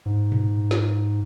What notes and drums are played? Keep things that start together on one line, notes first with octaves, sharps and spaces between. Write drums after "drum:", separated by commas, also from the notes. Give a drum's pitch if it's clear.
G#2
drum: tom A2
drum: snare